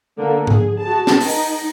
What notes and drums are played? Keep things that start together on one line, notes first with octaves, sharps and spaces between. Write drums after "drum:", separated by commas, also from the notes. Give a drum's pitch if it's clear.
D3 A#3
G#4, drum: tom G#2
F#4 G#4 A5
drum: snare
D#4, drum: open hi-hat